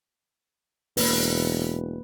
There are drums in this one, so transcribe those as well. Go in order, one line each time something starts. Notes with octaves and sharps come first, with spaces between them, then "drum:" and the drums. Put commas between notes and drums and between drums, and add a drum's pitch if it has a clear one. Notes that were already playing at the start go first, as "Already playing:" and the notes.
E1 A#3 B4, drum: open hi-hat